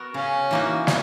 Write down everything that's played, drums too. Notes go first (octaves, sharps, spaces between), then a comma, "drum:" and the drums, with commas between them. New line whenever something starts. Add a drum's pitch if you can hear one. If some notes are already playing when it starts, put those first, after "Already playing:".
Already playing: B3 F#4 A#4
C#3 C#4
E3 A#3 D#4 F#4
drum: snare